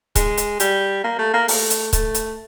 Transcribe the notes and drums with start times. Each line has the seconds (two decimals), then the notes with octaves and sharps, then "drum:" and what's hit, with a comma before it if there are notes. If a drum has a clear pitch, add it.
0.16 G#3, drum: kick C#1, hi-hat
0.38 drum: hi-hat
0.60 G3, drum: hi-hat
1.04 A#3
1.19 A3
1.34 A#3
1.48 A3, drum: open hi-hat
1.70 drum: hi-hat
1.93 A3, drum: kick C#1, hi-hat
2.15 drum: hi-hat